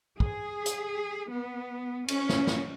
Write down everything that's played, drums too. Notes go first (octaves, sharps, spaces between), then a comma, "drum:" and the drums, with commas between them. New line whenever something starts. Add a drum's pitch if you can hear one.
G#4, drum: kick
drum: hi-hat
B3
C#4, drum: cymbal
drum: snare
drum: snare